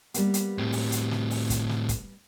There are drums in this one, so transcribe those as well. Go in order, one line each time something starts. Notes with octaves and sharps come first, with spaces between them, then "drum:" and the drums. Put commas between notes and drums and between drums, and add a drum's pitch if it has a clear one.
G3 A#3 B3, drum: hi-hat
drum: hi-hat
A2 C4
drum: open hi-hat
drum: hi-hat
drum: snare
drum: open hi-hat
drum: kick, hi-hat
drum: snare
drum: kick, hi-hat